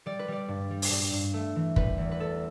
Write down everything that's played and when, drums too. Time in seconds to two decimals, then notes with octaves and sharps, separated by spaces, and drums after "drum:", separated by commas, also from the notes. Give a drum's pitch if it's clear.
0.06 G3 D5
0.19 B4
0.28 G3 D5
0.48 G2
0.71 G3
0.82 drum: open hi-hat
0.91 G2
1.13 G2
1.34 A3
1.56 E3
1.76 G3 B4, drum: kick
1.98 E2
2.11 B4
2.20 B3 A4